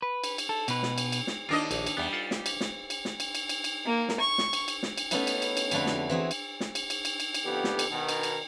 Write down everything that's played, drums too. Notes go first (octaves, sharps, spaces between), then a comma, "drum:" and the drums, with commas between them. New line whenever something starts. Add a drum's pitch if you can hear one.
B4
drum: cymbal
drum: cymbal
A4
B2 B4, drum: cymbal
drum: snare
drum: cymbal
drum: cymbal
drum: snare
D#2 D4 F4 A#4 D#5
A#1, drum: cymbal
drum: cymbal
E2 G3 B3
F4 A4 F#5
drum: snare
drum: cymbal
drum: snare
drum: cymbal
drum: snare
drum: cymbal
drum: cymbal
drum: cymbal
drum: cymbal
A#3
drum: snare
C#6
drum: snare
drum: cymbal
drum: cymbal
drum: snare
drum: cymbal
A3 B3 C#4 D#4 E4 B4, drum: cymbal
drum: cymbal
drum: cymbal
drum: cymbal
F2 D3 A3 F#4 B4, drum: cymbal
drum: snare
E3 C4 F#4 G#4
drum: cymbal
drum: snare
drum: cymbal
drum: cymbal
drum: cymbal
drum: cymbal
drum: cymbal
F2 D3 B3 G4
drum: snare
drum: cymbal
B2 D#3
drum: cymbal
drum: cymbal